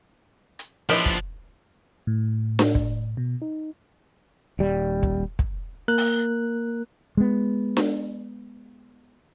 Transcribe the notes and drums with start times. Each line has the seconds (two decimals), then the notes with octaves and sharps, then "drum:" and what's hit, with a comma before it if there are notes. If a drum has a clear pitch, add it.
0.59 drum: hi-hat
0.89 E3 F3 D4 G4 A#4 C#5 D#5
1.06 drum: kick
2.07 A2
2.59 drum: snare D4
2.75 drum: kick
3.17 B2
3.42 D#4
4.59 D#1 G3
5.03 drum: kick
5.39 drum: kick
5.88 A#3 A#4 F#6
5.98 drum: open hi-hat
7.17 G#3 B3
7.77 drum: snare D4